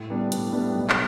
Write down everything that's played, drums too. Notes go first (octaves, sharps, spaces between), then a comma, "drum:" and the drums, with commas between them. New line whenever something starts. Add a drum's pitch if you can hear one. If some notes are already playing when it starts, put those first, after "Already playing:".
Already playing: A2
G3 B3 D4
A2, drum: hi-hat
G3 B3 D4
B1
drum: clap